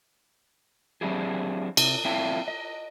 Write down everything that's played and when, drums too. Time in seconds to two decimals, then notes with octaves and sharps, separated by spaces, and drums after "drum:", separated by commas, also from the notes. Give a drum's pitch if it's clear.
1.01 F#3 C4 D4 E4 G4 G#4
1.77 C3, drum: cymbal
2.05 C4 E4 F4 A4 E5 G5
2.48 D#5